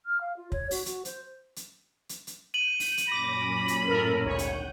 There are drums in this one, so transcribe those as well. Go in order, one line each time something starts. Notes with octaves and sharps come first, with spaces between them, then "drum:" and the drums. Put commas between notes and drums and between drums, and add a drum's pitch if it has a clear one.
F6
F5
F4
C#5, drum: kick
F#4, drum: open hi-hat
F#4, drum: hi-hat
C5, drum: hi-hat
drum: hi-hat
drum: hi-hat
drum: hi-hat
G6 C#7 D#7 F#7
drum: open hi-hat
drum: hi-hat
F#2 A#2 C#4 B5 D6 A#6
drum: hi-hat
A2 A4 A#4
G#1 D2 C#5 F#5 G5 G6
drum: hi-hat